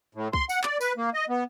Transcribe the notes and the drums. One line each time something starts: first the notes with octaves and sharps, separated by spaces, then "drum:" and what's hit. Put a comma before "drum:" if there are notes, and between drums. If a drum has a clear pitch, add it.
A2
C6, drum: kick C2
F#5, drum: tambourine
D5, drum: clap
B4, drum: tambourine
A#3
D#5
B3